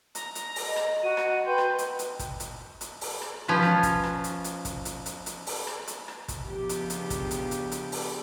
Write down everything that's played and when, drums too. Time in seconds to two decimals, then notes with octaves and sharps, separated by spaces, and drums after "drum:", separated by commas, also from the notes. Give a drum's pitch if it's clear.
0.15 A#5, drum: hi-hat
0.35 drum: hi-hat
0.56 drum: open hi-hat
0.66 D#5
0.76 drum: rim click
1.03 F#4 D#7
1.17 drum: rim click
1.45 B4 G5 C6 G6
1.58 drum: rim click
1.78 drum: hi-hat
1.99 drum: hi-hat
2.19 drum: kick, hi-hat
2.40 drum: hi-hat
2.81 drum: hi-hat
3.01 drum: open hi-hat
3.22 drum: rim click
3.48 F3 C#4 F4 B4
3.63 drum: rim click
3.83 drum: kick, hi-hat
4.03 drum: rim click
4.24 drum: hi-hat
4.44 drum: hi-hat
4.65 drum: kick, hi-hat
4.85 drum: hi-hat
5.06 drum: hi-hat
5.26 drum: hi-hat
5.47 drum: open hi-hat
5.67 drum: rim click
5.87 drum: hi-hat
6.08 drum: rim click
6.28 drum: kick, hi-hat
6.45 C#3 F3 B3 D4 G4
6.69 drum: hi-hat
6.90 drum: hi-hat
7.10 drum: kick, hi-hat
7.31 drum: hi-hat
7.51 drum: hi-hat
7.72 drum: hi-hat
7.92 drum: open hi-hat